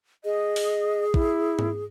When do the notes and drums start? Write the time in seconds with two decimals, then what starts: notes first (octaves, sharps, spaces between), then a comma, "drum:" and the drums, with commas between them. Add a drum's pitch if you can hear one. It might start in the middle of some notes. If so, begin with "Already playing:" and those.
0.24 G#4 D#5
0.56 drum: open hi-hat
1.14 E4, drum: kick
1.59 drum: tom G#2